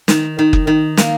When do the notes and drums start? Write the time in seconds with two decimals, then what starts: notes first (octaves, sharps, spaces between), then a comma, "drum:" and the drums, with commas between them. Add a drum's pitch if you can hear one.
0.08 D#3, drum: snare
0.39 D#3
0.53 drum: kick F#1
0.67 D#3
0.97 A#3, drum: snare